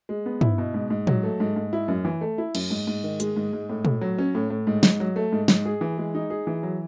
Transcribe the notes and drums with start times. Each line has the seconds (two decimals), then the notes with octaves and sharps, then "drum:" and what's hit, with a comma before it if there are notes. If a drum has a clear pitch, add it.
0.09 G#3
0.26 B3
0.41 E4, drum: tom
0.58 B2
0.74 G#2
0.90 G#2
1.07 F#3, drum: tom
1.23 A3
1.40 G#2
1.56 G#2
1.73 E4
1.88 F#2
2.05 E3
2.21 A3
2.38 E4
2.55 F#2, drum: cymbal
2.71 G#2
2.87 G#2
3.03 D#3
3.20 G#3, drum: hi-hat
3.36 G#2
3.53 G#2
3.69 A2
3.85 A2, drum: tom A#2
4.01 F#3
4.18 C#4
4.35 A2
4.50 A2
4.67 G#2
4.83 G#2, drum: snare
5.00 F#3
5.16 A3
5.32 G#2
5.48 G#2, drum: snare
5.65 G#4
5.81 E3
5.98 G#3
6.15 D#4
6.30 G#4
6.47 E3
6.63 F#3